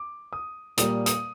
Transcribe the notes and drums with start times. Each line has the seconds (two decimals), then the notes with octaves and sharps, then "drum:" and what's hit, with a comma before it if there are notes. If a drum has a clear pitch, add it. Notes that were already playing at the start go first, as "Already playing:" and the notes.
Already playing: D6
0.33 D#6
0.77 A#2 G3 A#3 D#6, drum: hi-hat
1.06 D#6, drum: hi-hat